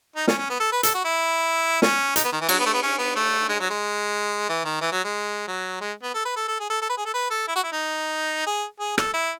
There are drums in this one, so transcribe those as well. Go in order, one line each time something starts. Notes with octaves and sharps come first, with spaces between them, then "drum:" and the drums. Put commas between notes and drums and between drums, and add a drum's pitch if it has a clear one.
D#4
C#4, drum: snare
C#4
B3
A4
B4
A4, drum: hi-hat
F#4
E4
C#4, drum: snare
D#4, drum: hi-hat
B3
D#3
E3
F#3, drum: cymbal
B3
A3
B3
C#4
B3
A3
G#3
F#3
G#3
E3
D#3
E3
F#3
G#3
F#3
G#3
B3
A4
B4
A4
A4
G#4
A4
A4
B4
G#4
A4
B4
A4
E4
F#4
E4
D#4
G#4
G#4
A4, drum: rim click
E4